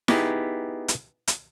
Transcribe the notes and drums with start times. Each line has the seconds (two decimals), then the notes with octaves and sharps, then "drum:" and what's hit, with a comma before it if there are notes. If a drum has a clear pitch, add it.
0.08 B3 D#4 E4 G4 G#4, drum: snare E4
0.88 drum: hi-hat
1.28 drum: hi-hat